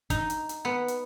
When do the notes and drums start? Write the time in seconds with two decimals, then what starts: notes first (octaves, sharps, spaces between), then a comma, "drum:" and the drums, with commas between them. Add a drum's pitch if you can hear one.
0.10 D#4, drum: kick, hi-hat
0.30 drum: hi-hat
0.49 drum: hi-hat
0.65 B3
0.88 drum: hi-hat